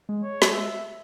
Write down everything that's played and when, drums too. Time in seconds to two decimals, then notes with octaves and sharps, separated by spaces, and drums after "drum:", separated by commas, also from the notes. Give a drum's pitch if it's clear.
0.09 G#3
0.23 C#5
0.42 G3, drum: snare
0.52 G#3 E5